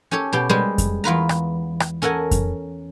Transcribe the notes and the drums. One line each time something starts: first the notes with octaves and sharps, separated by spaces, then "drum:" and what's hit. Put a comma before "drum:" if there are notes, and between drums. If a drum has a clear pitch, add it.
C#4 G4 A4 C#5
B2 G4 G5
G3 G#3 G#4 B4 C5
drum: kick F2, hi-hat
E2 F4 B4 A#5
drum: rim click
drum: rim click
C#4 A4 A#4 F#5 G#5
drum: kick F2, hi-hat